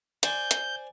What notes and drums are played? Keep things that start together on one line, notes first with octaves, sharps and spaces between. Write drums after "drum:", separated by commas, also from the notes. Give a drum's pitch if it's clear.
C5 D5 G#5 G6, drum: hi-hat
drum: hi-hat